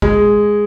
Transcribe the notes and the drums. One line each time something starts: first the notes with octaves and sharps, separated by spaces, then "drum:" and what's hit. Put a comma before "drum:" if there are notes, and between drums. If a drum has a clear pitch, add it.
G#3, drum: kick